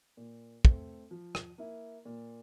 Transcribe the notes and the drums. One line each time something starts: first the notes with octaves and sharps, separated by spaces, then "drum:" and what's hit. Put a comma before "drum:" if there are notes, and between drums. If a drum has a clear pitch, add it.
A#2
A3 C4, drum: kick
F3
drum: rim click
A#3 E4
A#2